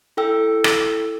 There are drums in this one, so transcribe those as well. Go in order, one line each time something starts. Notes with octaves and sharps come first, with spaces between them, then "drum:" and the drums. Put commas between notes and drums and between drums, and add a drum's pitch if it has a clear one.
E4 A4 G5 E6
drum: rim click